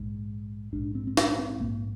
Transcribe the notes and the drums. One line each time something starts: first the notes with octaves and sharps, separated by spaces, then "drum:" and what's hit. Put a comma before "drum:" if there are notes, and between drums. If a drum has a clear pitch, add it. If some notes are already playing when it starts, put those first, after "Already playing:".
Already playing: A#1 G#2
A#1 G#2 D4
C4
C4
D4, drum: snare
C4
A#1 G#2 A#3